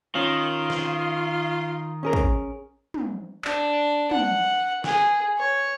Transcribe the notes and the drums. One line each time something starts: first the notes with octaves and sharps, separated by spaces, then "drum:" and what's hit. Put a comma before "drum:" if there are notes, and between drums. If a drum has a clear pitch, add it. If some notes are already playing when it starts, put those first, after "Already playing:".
D#3 C#4 F4
drum: snare
C#4 G#4 A#4
drum: kick
drum: tom
D4, drum: clap
F#5, drum: tom
G#4, drum: snare
C#5